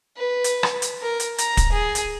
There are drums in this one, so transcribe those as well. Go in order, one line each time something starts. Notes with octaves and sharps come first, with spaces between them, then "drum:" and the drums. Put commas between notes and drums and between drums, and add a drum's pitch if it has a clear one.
B4
drum: hi-hat
drum: rim click
drum: hi-hat
A#4
drum: hi-hat
A#5, drum: hi-hat
drum: kick, hi-hat
G#4
drum: hi-hat